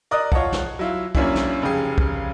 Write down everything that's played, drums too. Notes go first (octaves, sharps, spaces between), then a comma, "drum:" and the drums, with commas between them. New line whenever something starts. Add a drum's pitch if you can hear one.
A#4 D5 D#5 D#6 F#6
F4 C#5 D#5 F#5 A5, drum: kick
drum: snare
F#3 E4 F4
F#2 A#3 C#4 D4 E4, drum: kick
drum: snare
F1 C#3 G4 G#4
drum: kick